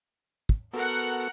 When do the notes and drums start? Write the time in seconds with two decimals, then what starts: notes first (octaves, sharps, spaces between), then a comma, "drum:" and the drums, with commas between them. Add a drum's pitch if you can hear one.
0.49 drum: kick
0.74 B3 F#4 A4 A#4 F#5